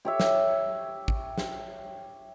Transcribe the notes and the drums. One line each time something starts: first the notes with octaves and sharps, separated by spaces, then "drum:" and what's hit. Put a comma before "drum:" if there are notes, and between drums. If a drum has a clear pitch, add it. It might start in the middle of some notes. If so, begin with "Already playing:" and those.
G4 C#5 E5
drum: snare
drum: kick
drum: snare